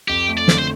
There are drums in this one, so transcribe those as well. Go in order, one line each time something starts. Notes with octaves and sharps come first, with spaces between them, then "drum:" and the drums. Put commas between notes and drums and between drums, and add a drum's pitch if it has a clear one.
F2 G4
A3
D5
D3, drum: snare
C5